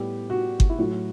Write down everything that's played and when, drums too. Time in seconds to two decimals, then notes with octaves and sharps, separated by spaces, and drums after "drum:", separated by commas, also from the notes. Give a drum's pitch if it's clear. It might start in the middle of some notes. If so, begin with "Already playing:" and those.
Already playing: A2 G3 B3 G4
0.30 F#4
0.60 drum: kick G1
0.69 E4
0.79 A2 F#3 A3 F#4